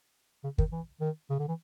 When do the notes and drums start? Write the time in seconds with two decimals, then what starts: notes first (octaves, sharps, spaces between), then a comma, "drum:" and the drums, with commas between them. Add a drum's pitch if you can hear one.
0.44 C#3
0.58 D#3, drum: kick
0.72 E3
1.01 D#3
1.30 C#3
1.39 D3
1.48 E3